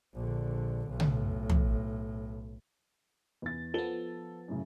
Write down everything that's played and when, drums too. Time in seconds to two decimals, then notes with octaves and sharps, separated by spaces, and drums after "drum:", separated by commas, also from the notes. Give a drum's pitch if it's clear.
0.14 A#1 D3
0.88 B1 A2
1.00 drum: tom
1.50 drum: tom
3.42 E2 A6
3.74 F3 B3 A4 G7
4.48 F#2 A2 C#3